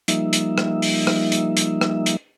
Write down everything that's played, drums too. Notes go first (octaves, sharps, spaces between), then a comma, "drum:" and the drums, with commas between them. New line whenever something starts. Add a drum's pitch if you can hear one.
F3 G3 A#3 D#4 E5, drum: hi-hat
drum: hi-hat
drum: rim click
drum: open hi-hat
drum: rim click
drum: hi-hat
drum: hi-hat
drum: rim click
drum: hi-hat